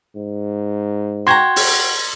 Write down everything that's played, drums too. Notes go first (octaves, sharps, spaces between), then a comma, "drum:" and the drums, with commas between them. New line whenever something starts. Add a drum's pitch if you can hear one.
G#2
F#4 G5 A#5 C6 G#6
drum: open hi-hat